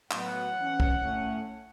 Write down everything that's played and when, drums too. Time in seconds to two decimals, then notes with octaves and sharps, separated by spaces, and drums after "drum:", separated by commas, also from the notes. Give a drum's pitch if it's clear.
0.11 A2 F#3 B3 F#5, drum: clap
0.57 E3 C#4
0.80 drum: kick
1.03 A2 A3 C#4